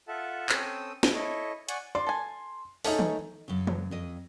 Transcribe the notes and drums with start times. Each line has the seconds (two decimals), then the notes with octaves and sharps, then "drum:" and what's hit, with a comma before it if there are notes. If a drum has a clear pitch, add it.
0.08 F4 A4 E5 F#5 A5
0.49 C4 C#4 A4 G5 D#6 E6, drum: clap
1.03 drum: snare
1.14 E4 A4 C#5 D#5
1.69 D5 F#5 G#5 C#6, drum: hi-hat
1.95 D5 C6
2.07 A4 G#5
2.84 A3 C#4 D#4 G#4 A4, drum: open hi-hat
2.99 drum: tom D#3
3.48 F#2 C#3
3.67 drum: tom
3.91 F2 D#5